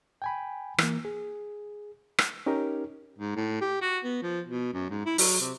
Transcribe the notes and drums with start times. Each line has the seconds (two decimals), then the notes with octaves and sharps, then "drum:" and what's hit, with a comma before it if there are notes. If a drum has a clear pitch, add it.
0.22 G5 G#5 B5
0.78 E3 A#3, drum: rim click
1.05 G#4
2.18 drum: rim click
2.46 C#4 D#4 G4 A#4
3.18 G#2
3.35 A2
3.61 G4
3.82 F#4
4.04 B3
4.22 F3
4.48 B2
4.73 F#2
4.90 G#2
5.06 E4
5.18 F#3, drum: open hi-hat
5.40 C3